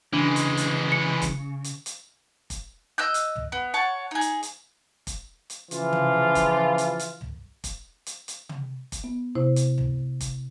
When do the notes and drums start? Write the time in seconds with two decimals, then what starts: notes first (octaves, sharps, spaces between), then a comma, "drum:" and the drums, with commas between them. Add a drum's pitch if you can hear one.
0.13 C#3 E3 G#3 D4
0.36 drum: hi-hat
0.57 drum: hi-hat
0.92 C#7
1.22 drum: kick F1, hi-hat
1.64 drum: hi-hat
1.86 drum: hi-hat
2.50 drum: kick F1, hi-hat
2.98 D#5 E6 F#6 G6
3.14 drum: hi-hat
3.36 drum: tom
3.52 B3
3.74 C#5 F#5 A5
4.11 D#4 G#4
4.21 drum: hi-hat
4.43 drum: hi-hat
5.07 drum: kick F1, hi-hat
5.50 drum: hi-hat
5.71 C#3 E3 F3 F4, drum: hi-hat
5.92 drum: tom
6.35 drum: kick F1, hi-hat
6.78 drum: hi-hat
6.99 drum: hi-hat
7.21 drum: tom
7.64 drum: kick F1, hi-hat
8.06 drum: hi-hat
8.28 drum: hi-hat
8.49 drum: tom
8.92 drum: kick F1, hi-hat
9.04 B3
9.35 C3 E4 C5
9.56 drum: hi-hat
9.78 drum: tom
10.21 drum: kick F1, hi-hat